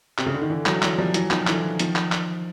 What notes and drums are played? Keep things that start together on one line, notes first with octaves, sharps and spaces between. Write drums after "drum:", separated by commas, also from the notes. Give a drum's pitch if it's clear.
C3, drum: clap
C#3
D3
D#3
D3 E3
E3 F#3, drum: clap
E3 F#3, drum: clap
F3 G3
E3 F#3, drum: hi-hat
D#3 F3, drum: clap
D3 E3, drum: clap
D#3 F3, drum: hi-hat
drum: clap
drum: clap